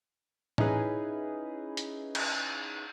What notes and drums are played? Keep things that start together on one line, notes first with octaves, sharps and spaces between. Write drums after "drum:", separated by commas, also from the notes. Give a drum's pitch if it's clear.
C#4 D#4 E4 G#4 B4, drum: tom A2
drum: hi-hat
drum: cymbal